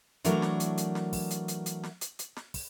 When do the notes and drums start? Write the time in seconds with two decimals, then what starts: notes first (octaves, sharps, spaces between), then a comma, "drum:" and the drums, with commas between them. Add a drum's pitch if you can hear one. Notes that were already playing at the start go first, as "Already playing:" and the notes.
0.24 E3 F#3 A3 D4 A#4, drum: hi-hat
0.42 drum: snare
0.60 drum: hi-hat
0.77 drum: hi-hat
0.95 drum: snare
1.13 drum: kick, open hi-hat
1.30 drum: hi-hat
1.48 drum: hi-hat
1.66 drum: hi-hat
1.83 drum: snare
2.01 drum: hi-hat
2.19 drum: hi-hat
2.36 drum: snare
2.54 drum: kick, open hi-hat